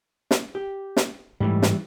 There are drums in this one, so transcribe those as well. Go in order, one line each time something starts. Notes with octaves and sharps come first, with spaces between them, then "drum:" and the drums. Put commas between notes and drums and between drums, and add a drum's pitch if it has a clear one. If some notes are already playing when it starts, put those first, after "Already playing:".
drum: snare
G4
drum: snare
G#2 E3 G3 A3
drum: snare